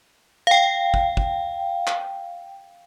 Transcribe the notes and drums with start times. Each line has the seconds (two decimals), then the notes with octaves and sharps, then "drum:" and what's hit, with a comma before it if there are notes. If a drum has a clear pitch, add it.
0.47 F5 G5
0.94 drum: kick
1.17 drum: kick
1.87 drum: clap